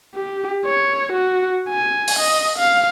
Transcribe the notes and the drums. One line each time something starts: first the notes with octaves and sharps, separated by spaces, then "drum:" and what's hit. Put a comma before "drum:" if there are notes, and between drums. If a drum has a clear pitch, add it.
G4
C#5
F#4
G#5
drum: open hi-hat
D#5
F5